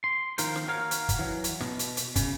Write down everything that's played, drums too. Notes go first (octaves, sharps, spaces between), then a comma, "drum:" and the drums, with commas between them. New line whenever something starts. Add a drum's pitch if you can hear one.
C6
D#3 F3 A#3 A#4 C5, drum: hi-hat
drum: snare
F#4 A#4 C#5 F5
drum: hi-hat
drum: kick, hi-hat
E3 F#3
drum: hi-hat
B2, drum: snare
drum: hi-hat
drum: hi-hat
C#3, drum: kick, hi-hat